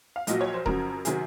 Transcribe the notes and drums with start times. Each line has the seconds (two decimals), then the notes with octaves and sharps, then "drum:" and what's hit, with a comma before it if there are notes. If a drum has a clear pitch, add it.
0.16 F5
0.27 A#1 A#2 F#3 D#5, drum: hi-hat
0.41 C#5
0.54 C5
0.66 F2 C#3 F#3 A#4, drum: kick D#1
1.05 C3 D#3 F#3 G#4, drum: hi-hat